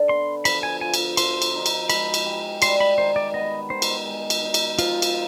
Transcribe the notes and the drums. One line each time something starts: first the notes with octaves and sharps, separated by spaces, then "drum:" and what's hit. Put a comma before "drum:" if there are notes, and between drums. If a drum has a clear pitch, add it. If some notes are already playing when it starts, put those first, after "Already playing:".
Already playing: D3
B3 C6
F3 B5, drum: cymbal
G#5
F4 G#5
drum: cymbal
F3 C6, drum: cymbal
drum: cymbal
D#4
drum: cymbal
G#3 B5, drum: cymbal
drum: cymbal
G4
G3 C6, drum: cymbal
B5
D#3 C5
D5
B3 D#5
D#3 C5
drum: cymbal
G#3
drum: cymbal
D#4
drum: cymbal
F3 F4, drum: cymbal
drum: cymbal